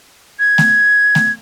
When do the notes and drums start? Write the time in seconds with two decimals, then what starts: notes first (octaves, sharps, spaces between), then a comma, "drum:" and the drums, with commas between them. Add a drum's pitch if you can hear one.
0.39 G#6
0.58 drum: snare A3
1.15 drum: snare A3